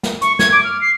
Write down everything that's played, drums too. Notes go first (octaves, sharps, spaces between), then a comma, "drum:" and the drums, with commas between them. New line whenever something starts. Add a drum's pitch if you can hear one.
drum: snare
C#6, drum: hi-hat
G#6, drum: snare
D6
F6
C7